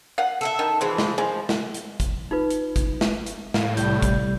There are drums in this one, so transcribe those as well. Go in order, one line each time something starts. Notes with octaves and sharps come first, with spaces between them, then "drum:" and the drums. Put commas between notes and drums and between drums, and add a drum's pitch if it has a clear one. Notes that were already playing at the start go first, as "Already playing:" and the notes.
F5 F#5
A4 A#4 E5
D#3
E3 F3 G#3
drum: snare
F3 G#3
drum: snare
drum: hi-hat
drum: kick, hi-hat
D#4 F4 B4
drum: hi-hat
drum: kick, hi-hat
drum: snare
drum: hi-hat
A2 F5, drum: snare
C2 G3 G6, drum: hi-hat
drum: kick, hi-hat